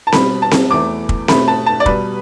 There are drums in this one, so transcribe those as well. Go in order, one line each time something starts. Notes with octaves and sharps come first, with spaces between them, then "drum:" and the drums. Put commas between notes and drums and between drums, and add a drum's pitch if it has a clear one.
A5
B2 G3 B5, drum: snare C4
A5
drum: snare C4
E2 E3 A3 D6
drum: kick
B2 A3 B5, drum: snare C4
A5
A5
D5
B2 G3 B4, drum: kick